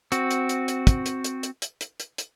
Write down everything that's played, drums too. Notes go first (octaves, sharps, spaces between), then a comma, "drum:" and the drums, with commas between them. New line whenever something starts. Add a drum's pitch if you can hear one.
C4 F#4, drum: hi-hat
drum: hi-hat
drum: hi-hat
drum: hi-hat
drum: kick, hi-hat
drum: hi-hat
drum: hi-hat
drum: hi-hat
drum: hi-hat
drum: hi-hat
drum: hi-hat
drum: hi-hat